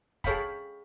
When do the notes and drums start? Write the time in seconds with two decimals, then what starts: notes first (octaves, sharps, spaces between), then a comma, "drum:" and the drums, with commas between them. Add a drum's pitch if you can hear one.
0.24 G#4 A4 C#5 F5 G5 B5, drum: kick